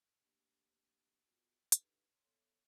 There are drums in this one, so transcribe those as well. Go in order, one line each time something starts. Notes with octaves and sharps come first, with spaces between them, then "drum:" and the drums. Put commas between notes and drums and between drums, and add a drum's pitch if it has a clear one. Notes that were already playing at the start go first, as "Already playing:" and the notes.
A3 A#3 D4 G4
B3 F4 F#4 G#4
D4 D#4 G4 A4 B4, drum: hi-hat
C#5 C6
B3 A4 C#5 E5 D6